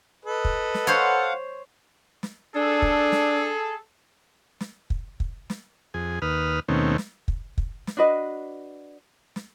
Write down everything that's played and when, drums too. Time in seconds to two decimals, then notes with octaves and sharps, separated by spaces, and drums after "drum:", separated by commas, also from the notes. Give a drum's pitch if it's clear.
0.25 A4 B4 D#5
0.45 drum: kick
0.74 drum: snare
0.87 C5 C#5 F5 F#5
2.23 drum: snare
2.56 D4 G#4 A4
2.82 drum: kick
3.12 drum: snare
4.60 drum: snare
4.90 drum: kick
5.20 drum: kick
5.50 drum: snare
5.94 F2 G#4
6.22 D#2 B4 D#6 F6
6.68 D#2 B2 D#3 A3 C4 C#4
6.98 drum: snare
7.28 drum: kick
7.58 drum: kick
7.87 drum: snare
7.97 D4 F#4 B4 D#5
9.36 drum: snare